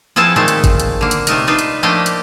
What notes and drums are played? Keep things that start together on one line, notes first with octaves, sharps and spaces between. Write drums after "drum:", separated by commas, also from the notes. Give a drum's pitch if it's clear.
F3 C4 E4 G#4 A4 A5
A#2 D#3 G#3 A3 C4 A4
drum: hi-hat
drum: kick, hi-hat
drum: hi-hat
D3 A#3
drum: hi-hat
C3 A3 D#4 A#4, drum: hi-hat
D4 D#4 F4 B4
drum: hi-hat
F3 A3 A#3 D4 G4 D#5
drum: hi-hat